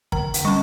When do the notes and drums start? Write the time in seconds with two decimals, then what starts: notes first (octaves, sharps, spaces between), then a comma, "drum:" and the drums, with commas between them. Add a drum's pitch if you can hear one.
0.12 D3 A#5, drum: kick
0.34 drum: hi-hat
0.45 G3 C#4 C#6